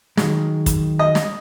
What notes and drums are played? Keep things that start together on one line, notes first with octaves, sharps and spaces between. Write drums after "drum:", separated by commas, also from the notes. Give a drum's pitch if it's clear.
D#3 F#3 G#3, drum: snare
drum: kick, hi-hat
D#5
drum: snare